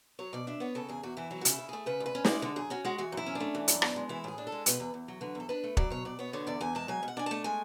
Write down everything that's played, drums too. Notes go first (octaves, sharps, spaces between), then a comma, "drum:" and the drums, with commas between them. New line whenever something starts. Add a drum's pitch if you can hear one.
F#3 C#5
B2 D5
D4 E5
B3 C#5
C#3 A4
E2 G#4
E2 F#4
E3 E4
F#3 E4
F#4
C#3, drum: hi-hat
E4
C#3
A3 G#4
C#3 B4
D2
B4
C#4
G#3 D5, drum: snare
D3 A4
F#2 G#4
C#4 F#4
G#3 F#4
E3 F#4
F#2 E4
C#4
D4
A3
E3
F#2, drum: hi-hat
B3, drum: rim click
G#3
E3 E4
A2 G#4
D4
A4
G#3
B2 B4, drum: hi-hat
E2
E2
F#3
D3 B4
E2 A4
D4 B4
A3
F#3 D5, drum: kick
B2 C#5
B2 D5
B3 C#5
D3 C#5
E2 D5
E2 G#5
G#3 A5
F#3 G#5
B2
F#5
D4 G#5
A3 A5
G#3 G#5